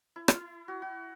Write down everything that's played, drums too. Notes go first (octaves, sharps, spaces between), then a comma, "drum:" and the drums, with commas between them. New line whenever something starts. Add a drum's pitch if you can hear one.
E4
E4, drum: rim click
F#4
F#4